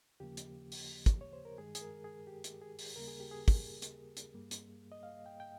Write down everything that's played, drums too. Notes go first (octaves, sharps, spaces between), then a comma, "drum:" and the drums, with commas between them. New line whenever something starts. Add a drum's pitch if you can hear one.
D#2 C#3 F3 A#3 G4
drum: hi-hat
drum: open hi-hat
drum: kick, hi-hat
C#5
C5
A#4
G2 D#3 G#3 G#4
G#4, drum: hi-hat
A#4
G#4
G4
drum: hi-hat
G#4
drum: open hi-hat
D#2 C#3 G3 A#3 A#4
G#4
G4
G#4
drum: kick, open hi-hat
drum: hi-hat
drum: hi-hat
G2 G3 A#3
drum: hi-hat
D#5
F5
G5
G5